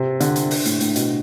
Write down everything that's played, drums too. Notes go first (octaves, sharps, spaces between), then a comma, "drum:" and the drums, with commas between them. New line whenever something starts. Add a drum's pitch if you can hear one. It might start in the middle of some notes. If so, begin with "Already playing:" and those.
Already playing: C3
D3, drum: hi-hat
drum: hi-hat
drum: open hi-hat
A2, drum: hi-hat
A2, drum: hi-hat
B2, drum: hi-hat